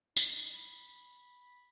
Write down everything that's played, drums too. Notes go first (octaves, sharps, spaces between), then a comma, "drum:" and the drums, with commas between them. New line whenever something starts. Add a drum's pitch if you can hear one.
D#4, drum: tambourine
B5